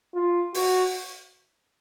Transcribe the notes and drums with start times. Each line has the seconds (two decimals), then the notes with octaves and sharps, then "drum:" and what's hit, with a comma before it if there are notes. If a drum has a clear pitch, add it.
0.14 F4
0.54 F#4, drum: open hi-hat